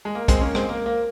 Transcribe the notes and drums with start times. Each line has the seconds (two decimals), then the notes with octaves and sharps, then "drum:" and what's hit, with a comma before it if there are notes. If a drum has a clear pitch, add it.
0.05 G#3
0.15 A#3
0.28 G#3 C4, drum: kick, hi-hat
0.41 A#3 C#4
0.55 G#3 C4, drum: rim click
0.69 A#3
0.86 A#3